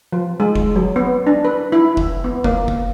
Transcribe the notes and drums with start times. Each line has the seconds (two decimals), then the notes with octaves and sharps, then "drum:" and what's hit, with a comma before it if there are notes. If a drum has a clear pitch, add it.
0.12 F3
0.40 G#3
0.56 drum: kick F1
0.76 F#3
0.96 B3
1.27 D4
1.45 B4
1.72 E4
1.97 drum: kick F1
2.24 B3
2.44 A#3, drum: kick F1
2.68 drum: kick F1